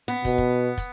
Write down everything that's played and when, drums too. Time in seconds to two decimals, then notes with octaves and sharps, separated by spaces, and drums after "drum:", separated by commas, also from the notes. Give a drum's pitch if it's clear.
0.08 B3
0.25 B2, drum: kick, hi-hat
0.38 drum: kick
0.78 drum: kick, hi-hat